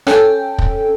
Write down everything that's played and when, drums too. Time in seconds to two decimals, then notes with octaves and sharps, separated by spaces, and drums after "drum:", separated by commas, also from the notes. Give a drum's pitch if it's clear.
0.07 C#4 A4 G5, drum: rim click
0.58 drum: kick